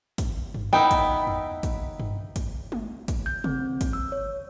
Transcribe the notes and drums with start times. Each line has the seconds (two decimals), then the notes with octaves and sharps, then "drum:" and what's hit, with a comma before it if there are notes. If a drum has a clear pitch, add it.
0.18 drum: kick, hi-hat
0.55 drum: tom G2
0.73 B3 D#4 E4 G5
0.91 drum: kick, hi-hat
1.27 drum: tom E2
1.63 drum: kick, hi-hat
1.99 drum: tom G2
2.36 drum: kick, hi-hat
2.72 drum: tom G#3
3.08 drum: kick, hi-hat
3.26 G6
3.44 C4, drum: tom C3
3.81 drum: kick, hi-hat
3.93 E6
4.12 C#5